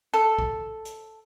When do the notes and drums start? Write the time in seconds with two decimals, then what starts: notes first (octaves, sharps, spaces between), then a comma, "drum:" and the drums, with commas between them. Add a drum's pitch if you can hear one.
0.14 A4
0.39 drum: kick A#1
0.85 drum: hi-hat